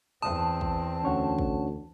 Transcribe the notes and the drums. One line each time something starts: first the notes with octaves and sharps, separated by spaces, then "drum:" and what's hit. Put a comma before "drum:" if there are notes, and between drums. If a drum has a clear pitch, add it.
E2 C4 A5 D#6
drum: kick
D2 C#4 C#5 F#5
drum: kick